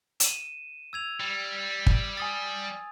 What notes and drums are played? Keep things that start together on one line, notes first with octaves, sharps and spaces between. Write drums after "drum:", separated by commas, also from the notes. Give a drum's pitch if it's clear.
D#7 E7, drum: hi-hat
E6 G#6 F7
G3
drum: kick
G#5 D#6 A6